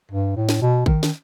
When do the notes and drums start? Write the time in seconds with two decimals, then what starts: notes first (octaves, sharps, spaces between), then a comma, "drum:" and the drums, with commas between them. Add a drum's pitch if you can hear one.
0.11 G2
0.36 A2
0.49 drum: snare
0.61 B2
0.86 D#3, drum: kick A1
1.03 D#3, drum: snare